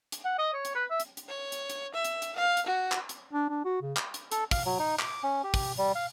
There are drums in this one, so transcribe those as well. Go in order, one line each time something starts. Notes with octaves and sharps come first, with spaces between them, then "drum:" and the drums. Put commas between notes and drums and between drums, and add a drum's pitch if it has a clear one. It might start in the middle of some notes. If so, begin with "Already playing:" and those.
drum: hi-hat
F#5
D#5
C#5
drum: hi-hat
B4
E5
drum: hi-hat
drum: hi-hat
C#5
drum: hi-hat
drum: hi-hat
E5
drum: hi-hat
drum: hi-hat
F5
drum: hi-hat
F#4
drum: clap
drum: hi-hat
D4
D4
F#4
C#3
drum: clap
drum: hi-hat
A4, drum: hi-hat
F5, drum: kick, open hi-hat
F#3
D#4
D6, drum: clap
C#4
G4
drum: kick, open hi-hat
G3
F5